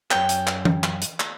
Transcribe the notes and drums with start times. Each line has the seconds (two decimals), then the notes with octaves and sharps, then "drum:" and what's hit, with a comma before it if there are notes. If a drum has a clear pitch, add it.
0.11 F#2 C#5 G5, drum: clap
0.29 drum: hi-hat
0.47 drum: clap
0.65 drum: tom E3
0.84 drum: clap
1.02 drum: hi-hat
1.20 drum: clap